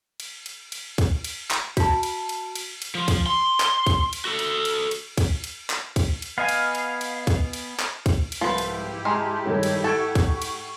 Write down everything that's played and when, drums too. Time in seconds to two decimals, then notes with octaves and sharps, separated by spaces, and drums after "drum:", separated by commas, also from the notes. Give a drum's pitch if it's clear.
0.20 drum: cymbal
0.46 drum: cymbal
0.72 drum: cymbal
0.98 drum: kick, cymbal
1.24 drum: cymbal
1.51 drum: clap
1.77 F#4 A5, drum: kick, cymbal
2.03 drum: cymbal
2.29 drum: cymbal
2.55 drum: cymbal
2.82 drum: cymbal
2.95 F3
3.08 drum: kick, cymbal
3.26 C6
3.60 drum: clap
3.87 drum: kick, cymbal
4.13 drum: cymbal
4.25 F#4 A4
4.39 drum: cymbal
4.65 drum: cymbal
4.91 drum: cymbal
5.18 drum: kick, cymbal
5.44 drum: cymbal
5.70 drum: clap
5.96 drum: kick, cymbal
6.22 drum: cymbal
6.38 B3 D#5 F5 G#5
6.49 drum: cymbal
6.75 drum: cymbal
7.01 drum: cymbal
7.27 drum: kick, cymbal
7.53 drum: cymbal
7.80 drum: clap
8.06 drum: kick, cymbal
8.32 drum: cymbal
8.41 C2 G#2 F3 E4 G4 B4
8.58 drum: cymbal
9.05 G#3 A5 A#5 C6 F6
9.45 G2 D#3 A4 C#5
9.63 drum: cymbal
9.84 A4 F#5 C#6 G#6 D7
10.15 drum: kick, cymbal
10.42 drum: cymbal